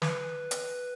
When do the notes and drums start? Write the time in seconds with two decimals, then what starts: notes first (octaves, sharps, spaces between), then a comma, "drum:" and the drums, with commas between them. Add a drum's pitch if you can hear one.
0.02 B4, drum: snare
0.51 drum: hi-hat